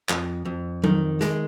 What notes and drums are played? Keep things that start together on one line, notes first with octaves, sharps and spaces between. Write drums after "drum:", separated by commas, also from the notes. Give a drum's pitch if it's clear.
F2, drum: clap
F2
D#3, drum: tom
G#3, drum: snare